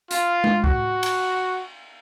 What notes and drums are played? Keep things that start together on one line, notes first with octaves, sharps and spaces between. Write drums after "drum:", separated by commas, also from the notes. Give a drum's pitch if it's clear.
F4, drum: hi-hat
drum: tom G#3
F#4, drum: kick
drum: cymbal